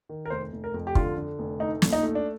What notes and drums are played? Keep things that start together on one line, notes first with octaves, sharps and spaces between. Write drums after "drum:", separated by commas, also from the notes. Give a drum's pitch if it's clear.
D#3
A#4
F1 C5
F1
A#4
F2
G4
D3 F4, drum: kick
D3
F1
A3 D#4
A#1, drum: snare
D#4
A3
D4